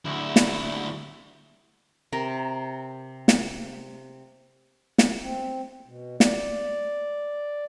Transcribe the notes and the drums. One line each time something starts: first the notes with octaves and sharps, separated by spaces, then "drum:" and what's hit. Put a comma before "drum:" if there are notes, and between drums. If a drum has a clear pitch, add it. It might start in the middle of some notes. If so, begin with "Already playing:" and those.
D2 E4
drum: snare
C3 A#4
drum: snare
drum: snare
C4
B2
D5, drum: snare